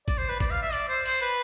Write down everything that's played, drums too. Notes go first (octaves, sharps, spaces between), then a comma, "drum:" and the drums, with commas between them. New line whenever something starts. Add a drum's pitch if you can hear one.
D5, drum: kick A1, hi-hat
C5
B4
D5, drum: kick A1, hi-hat
F5
E5
D5, drum: hi-hat
C5
C5, drum: open hi-hat
B4